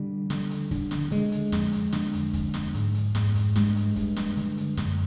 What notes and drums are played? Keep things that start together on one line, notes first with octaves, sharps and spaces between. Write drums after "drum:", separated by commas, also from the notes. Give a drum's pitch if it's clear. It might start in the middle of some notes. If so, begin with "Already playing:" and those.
Already playing: D3 G3
D3, drum: snare
drum: hi-hat
D3, drum: kick, hi-hat
drum: snare
D3 G#3, drum: hi-hat
drum: hi-hat
F2, drum: snare
drum: hi-hat
D3, drum: snare
drum: hi-hat
F2, drum: kick, hi-hat
drum: snare
G#2, drum: hi-hat
drum: hi-hat
G#2, drum: snare
drum: hi-hat
G2 G#3, drum: snare
drum: hi-hat
G2, drum: kick, hi-hat
drum: snare
D3, drum: hi-hat
drum: hi-hat
F#2, drum: snare